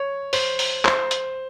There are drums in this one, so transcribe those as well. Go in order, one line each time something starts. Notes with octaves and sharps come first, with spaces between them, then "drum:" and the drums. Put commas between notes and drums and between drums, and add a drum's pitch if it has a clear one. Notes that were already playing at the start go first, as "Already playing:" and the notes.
Already playing: C#5
C5, drum: open hi-hat
drum: open hi-hat
C5, drum: clap
drum: hi-hat